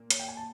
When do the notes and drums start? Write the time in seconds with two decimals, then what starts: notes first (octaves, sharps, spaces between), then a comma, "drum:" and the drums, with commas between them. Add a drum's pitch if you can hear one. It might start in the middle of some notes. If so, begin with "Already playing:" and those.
Already playing: A#2 A#3
0.10 C#5, drum: hi-hat
0.19 G5
0.28 G#5
0.37 A5